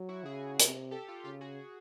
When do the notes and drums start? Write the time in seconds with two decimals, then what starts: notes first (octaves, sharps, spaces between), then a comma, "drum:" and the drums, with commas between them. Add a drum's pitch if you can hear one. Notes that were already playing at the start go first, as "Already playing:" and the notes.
Already playing: F#3
0.09 E4 F#4
0.25 C#3 F#4 G#4
0.59 C3, drum: hi-hat
0.91 G4 A4
1.08 F4 G4
1.24 C#3 F4 G4
1.41 F#4 G#4